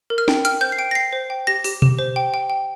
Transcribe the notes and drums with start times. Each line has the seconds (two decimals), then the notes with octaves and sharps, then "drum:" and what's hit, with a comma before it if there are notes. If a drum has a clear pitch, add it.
0.10 A#4
0.18 F6
0.28 G5, drum: snare
0.45 G5 F6, drum: hi-hat
0.61 C5 G6
0.72 C7
0.78 G5 D7
0.91 A#6
0.95 G5 C7
1.13 C5
1.30 G5
1.47 G4 A#6
1.64 G4, drum: open hi-hat
1.82 G4, drum: tom B2
1.99 C5
2.16 G5
2.34 G5
2.50 G5